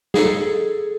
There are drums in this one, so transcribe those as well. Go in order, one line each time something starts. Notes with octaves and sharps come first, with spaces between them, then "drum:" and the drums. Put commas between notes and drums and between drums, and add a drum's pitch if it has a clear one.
G#4 A4, drum: snare